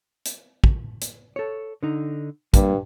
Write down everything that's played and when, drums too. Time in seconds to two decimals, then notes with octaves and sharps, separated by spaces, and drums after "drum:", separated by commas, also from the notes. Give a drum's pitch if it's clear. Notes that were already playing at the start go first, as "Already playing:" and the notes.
0.26 drum: hi-hat
0.64 drum: kick
1.02 drum: hi-hat
1.36 A4 C#5
1.83 D3 D#4
2.54 G2 G3 A#3, drum: kick, hi-hat